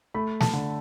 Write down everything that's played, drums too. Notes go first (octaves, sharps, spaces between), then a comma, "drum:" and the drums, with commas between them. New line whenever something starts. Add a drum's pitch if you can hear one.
A3 B5
A5, drum: snare
D3